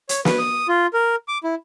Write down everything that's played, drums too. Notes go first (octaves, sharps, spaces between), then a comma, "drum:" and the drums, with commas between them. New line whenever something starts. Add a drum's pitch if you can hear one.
C#5, drum: hi-hat
B4, drum: snare
D#6
F4
A#4
D6
E4